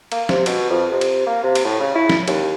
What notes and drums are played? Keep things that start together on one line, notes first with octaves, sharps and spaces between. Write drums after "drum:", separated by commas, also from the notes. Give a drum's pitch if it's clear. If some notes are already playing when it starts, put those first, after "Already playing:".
A#3, drum: cymbal
C3, drum: snare
B2, drum: cymbal
F2
C3
drum: cymbal
A#3
C3
drum: cymbal
A2
C#3
E4
drum: snare
D#2, drum: cymbal